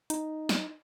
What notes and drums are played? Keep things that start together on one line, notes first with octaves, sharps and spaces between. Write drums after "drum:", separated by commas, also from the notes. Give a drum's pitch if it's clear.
D#4, drum: hi-hat
drum: snare